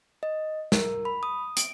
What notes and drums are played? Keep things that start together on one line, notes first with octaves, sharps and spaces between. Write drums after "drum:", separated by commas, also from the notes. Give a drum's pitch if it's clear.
D#5
A#4, drum: snare
B5
D#6
D7, drum: hi-hat